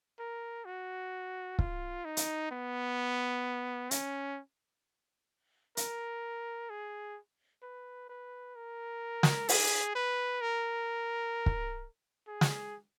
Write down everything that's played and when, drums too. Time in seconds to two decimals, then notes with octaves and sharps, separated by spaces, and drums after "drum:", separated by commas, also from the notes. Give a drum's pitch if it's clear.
0.19 A#4
0.65 F#4
1.59 F4, drum: kick
2.05 D#4
2.17 drum: hi-hat
2.51 B3
3.91 C#4, drum: hi-hat
5.77 A#4, drum: hi-hat
6.70 G#4
7.63 B4
8.09 B4
8.56 A#4
9.23 drum: snare
9.49 G#4, drum: open hi-hat
9.95 B4
10.42 A#4
11.46 drum: kick
12.28 G#4
12.41 drum: snare